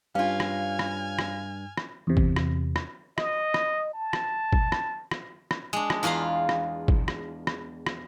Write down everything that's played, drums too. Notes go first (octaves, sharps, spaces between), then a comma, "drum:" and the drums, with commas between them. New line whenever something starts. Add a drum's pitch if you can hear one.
G2 C#4 F4 F5 G#5 F6
drum: rim click
drum: rim click
drum: rim click
drum: rim click
E2 C3
drum: kick G1
drum: rim click
drum: rim click
D#5, drum: rim click
drum: rim click
A5
drum: rim click
drum: kick G1
drum: rim click
drum: rim click
drum: rim click
G#3 D4
drum: rim click
E2 F4 B4 F5 A#5
drum: rim click
drum: kick G1
drum: rim click
drum: rim click
drum: rim click